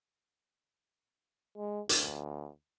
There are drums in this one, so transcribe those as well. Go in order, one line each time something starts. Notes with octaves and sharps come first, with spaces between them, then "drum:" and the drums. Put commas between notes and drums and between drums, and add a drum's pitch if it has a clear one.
G#3
D2, drum: hi-hat